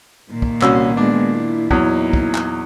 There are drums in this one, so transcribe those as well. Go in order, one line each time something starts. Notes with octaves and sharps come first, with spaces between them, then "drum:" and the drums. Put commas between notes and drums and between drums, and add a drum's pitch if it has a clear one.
A#2 D#3
drum: kick
C2 C#4 F#4 E6, drum: clap
G#3 B3 D4
E4
E2 A#2 F#3 A#3 D#4, drum: kick
drum: kick
drum: clap